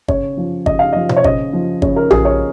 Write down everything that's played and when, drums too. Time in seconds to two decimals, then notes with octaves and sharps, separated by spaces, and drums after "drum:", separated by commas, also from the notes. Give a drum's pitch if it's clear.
0.08 C#3 C#5, drum: kick G1
0.37 F3
0.66 C#3 D#5, drum: kick G1
0.79 F5
0.93 F3 D#5
1.09 C5, drum: tom B2
1.17 C#5
1.24 C#3 D#5, drum: kick G1
1.53 F3
1.82 C#3 C#5, drum: kick G1
1.96 A#4
2.11 F3 G#4, drum: tom A#1
2.25 C#5